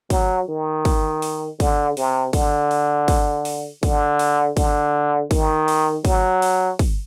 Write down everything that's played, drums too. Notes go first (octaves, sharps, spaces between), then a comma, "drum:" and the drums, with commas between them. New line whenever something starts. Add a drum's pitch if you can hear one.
F#3, drum: kick, open hi-hat
D#3
drum: kick, open hi-hat
drum: open hi-hat
D3, drum: kick, open hi-hat
C3, drum: open hi-hat
D3, drum: kick, open hi-hat
drum: open hi-hat
drum: kick, open hi-hat
drum: open hi-hat
D3, drum: kick, open hi-hat
drum: open hi-hat
D3, drum: kick, open hi-hat
D#3, drum: kick, open hi-hat
drum: open hi-hat
F#3, drum: kick, open hi-hat
drum: open hi-hat
drum: kick, open hi-hat